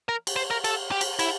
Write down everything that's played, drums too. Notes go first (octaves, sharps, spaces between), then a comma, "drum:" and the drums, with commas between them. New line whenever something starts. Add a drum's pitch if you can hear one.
A#4
drum: cymbal
C5
A#4
A4, drum: cymbal
G4
drum: cymbal
E4, drum: cymbal